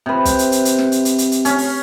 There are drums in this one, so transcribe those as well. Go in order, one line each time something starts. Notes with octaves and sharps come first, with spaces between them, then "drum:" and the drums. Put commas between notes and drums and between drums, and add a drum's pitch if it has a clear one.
C3 B4
drum: kick, hi-hat
drum: hi-hat
drum: hi-hat
drum: hi-hat
drum: snare
drum: hi-hat
drum: hi-hat
drum: hi-hat
drum: hi-hat
C#4, drum: hi-hat
drum: open hi-hat